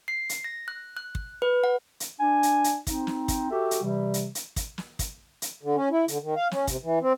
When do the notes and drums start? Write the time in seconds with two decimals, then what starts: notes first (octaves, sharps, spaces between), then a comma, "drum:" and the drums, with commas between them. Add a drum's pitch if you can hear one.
0.08 C7
0.29 drum: hi-hat
0.44 A#6
0.68 F#6
0.97 F#6
1.15 drum: kick
1.42 B4
1.64 F#5
2.00 drum: hi-hat
2.19 D4 G#5
2.43 drum: hi-hat
2.64 drum: hi-hat
2.87 C4 D#4, drum: kick, hi-hat
3.07 drum: snare
3.28 drum: kick, hi-hat
3.50 F#4 G4 A4 E5
3.71 drum: hi-hat
3.81 C3 E3 G3
4.14 drum: hi-hat
4.35 drum: hi-hat
4.56 drum: kick, hi-hat
4.78 drum: snare
4.99 drum: kick, hi-hat
5.42 drum: hi-hat
5.63 D3
5.76 C#4
5.91 E4
6.08 D3, drum: hi-hat
6.22 D#3
6.36 F5
6.51 C#4, drum: snare
6.67 C3, drum: kick, hi-hat
6.83 E3
7.01 C4